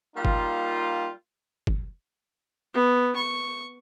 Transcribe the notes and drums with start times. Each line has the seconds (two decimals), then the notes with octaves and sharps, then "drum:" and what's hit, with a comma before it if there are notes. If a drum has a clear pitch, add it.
0.16 G3 A#3 D#4 F4
0.25 drum: kick
1.67 drum: kick
2.74 B3
3.16 C#6